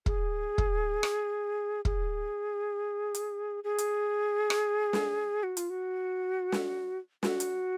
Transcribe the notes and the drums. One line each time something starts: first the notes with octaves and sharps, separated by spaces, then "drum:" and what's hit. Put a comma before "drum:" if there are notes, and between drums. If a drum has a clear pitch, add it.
G#4, drum: kick
drum: kick
drum: rim click
G#4, drum: kick
drum: hi-hat
G#4
drum: hi-hat
drum: rim click
drum: snare
F#4
F4, drum: hi-hat
F#4
drum: snare
F#4, drum: snare
drum: hi-hat